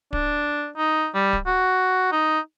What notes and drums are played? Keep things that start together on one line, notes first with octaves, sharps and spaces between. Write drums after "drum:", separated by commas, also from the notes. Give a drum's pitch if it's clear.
D4, drum: kick D1
D#4
G3
drum: kick D1
F#4
D#4